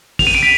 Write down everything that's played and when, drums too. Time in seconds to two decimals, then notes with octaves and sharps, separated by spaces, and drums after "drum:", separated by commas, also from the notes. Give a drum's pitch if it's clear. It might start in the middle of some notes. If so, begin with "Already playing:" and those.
0.19 F7, drum: kick, open hi-hat
0.27 D#7
0.35 D7
0.43 B6